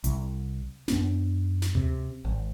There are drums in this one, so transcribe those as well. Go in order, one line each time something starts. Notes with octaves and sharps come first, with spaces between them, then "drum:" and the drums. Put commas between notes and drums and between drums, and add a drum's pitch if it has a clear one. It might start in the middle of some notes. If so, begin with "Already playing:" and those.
C2, drum: hi-hat
F#2 B3 D4, drum: snare
drum: snare
C3, drum: tom D2
G#1